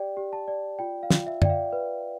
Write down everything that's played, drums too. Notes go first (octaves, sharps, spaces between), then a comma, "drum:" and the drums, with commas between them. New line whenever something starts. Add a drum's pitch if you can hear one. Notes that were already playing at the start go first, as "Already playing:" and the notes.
Already playing: G4 D5 G5
G4
A5
D5
F4 G5
F5
F4, drum: snare
E5
D5 G5, drum: tom F#2
F5
B4